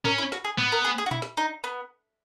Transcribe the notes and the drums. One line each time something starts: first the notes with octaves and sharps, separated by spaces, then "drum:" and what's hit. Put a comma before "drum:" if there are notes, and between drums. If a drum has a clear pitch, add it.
C#4 A#4, drum: tom G#2
E4
F#4, drum: snare
G#4
B3, drum: tom G#2
A#4
G#4
G#4
F#4
E4, drum: tom A#2
drum: snare
D#4
B3